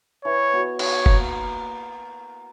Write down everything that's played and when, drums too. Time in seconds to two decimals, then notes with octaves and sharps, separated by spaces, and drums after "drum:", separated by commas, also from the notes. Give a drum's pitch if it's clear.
0.25 E3 C#5
0.53 B3 F#4
0.79 D#3 C#5, drum: cymbal
1.06 A#3 D#4, drum: kick F#1